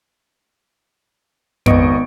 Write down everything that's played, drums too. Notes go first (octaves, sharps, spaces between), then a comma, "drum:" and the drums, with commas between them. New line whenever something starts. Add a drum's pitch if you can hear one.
G#1 B3 D#5 C#6 D7, drum: tom F2